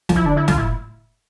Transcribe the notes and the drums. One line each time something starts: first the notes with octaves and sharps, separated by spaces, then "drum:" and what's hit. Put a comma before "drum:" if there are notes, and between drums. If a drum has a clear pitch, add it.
F3, drum: snare
E4
D3 D4
E4
F4, drum: snare
A2 E4